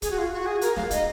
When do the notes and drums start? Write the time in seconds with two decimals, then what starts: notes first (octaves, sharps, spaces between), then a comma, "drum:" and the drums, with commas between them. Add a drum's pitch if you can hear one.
0.02 G#4, drum: kick, hi-hat
0.11 F#4
0.18 F4
0.33 F#4
0.46 G#4
0.61 A#4, drum: hi-hat
0.76 F5, drum: snare
0.91 D#5, drum: kick, hi-hat